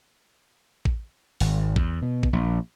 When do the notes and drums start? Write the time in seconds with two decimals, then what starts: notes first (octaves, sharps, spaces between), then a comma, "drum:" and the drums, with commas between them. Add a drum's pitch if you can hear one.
0.85 drum: kick A1
1.40 G#1, drum: open hi-hat
1.76 E2, drum: kick A1
2.02 B2
2.23 drum: kick A1
2.33 A#1